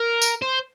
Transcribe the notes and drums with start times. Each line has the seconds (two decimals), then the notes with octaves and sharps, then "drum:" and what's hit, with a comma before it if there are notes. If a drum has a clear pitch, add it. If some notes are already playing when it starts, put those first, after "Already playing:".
Already playing: A#4
0.22 drum: tambourine
0.42 C5